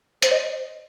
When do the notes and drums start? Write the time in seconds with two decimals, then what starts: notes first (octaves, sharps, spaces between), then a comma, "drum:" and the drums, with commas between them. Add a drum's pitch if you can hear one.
0.22 C5, drum: hi-hat
0.31 D#5